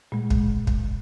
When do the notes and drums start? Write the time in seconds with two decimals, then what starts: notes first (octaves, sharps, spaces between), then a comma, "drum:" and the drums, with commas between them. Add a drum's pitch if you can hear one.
0.12 A#2 G#3
0.30 drum: kick
0.67 drum: kick